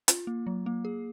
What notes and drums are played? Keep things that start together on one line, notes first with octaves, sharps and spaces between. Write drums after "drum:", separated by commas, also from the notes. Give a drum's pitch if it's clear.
F4, drum: hi-hat
A#3
F#3
A#3
G#4